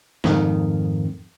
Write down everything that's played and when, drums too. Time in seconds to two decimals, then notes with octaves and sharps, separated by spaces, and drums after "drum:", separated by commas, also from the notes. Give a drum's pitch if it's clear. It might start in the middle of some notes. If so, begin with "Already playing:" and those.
0.24 F2 G#2 D#3, drum: snare